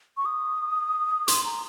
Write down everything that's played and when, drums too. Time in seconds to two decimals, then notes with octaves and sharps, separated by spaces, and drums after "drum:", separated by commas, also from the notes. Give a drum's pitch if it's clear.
0.17 C#6
0.25 D#6
1.28 C6, drum: hi-hat
1.44 A#5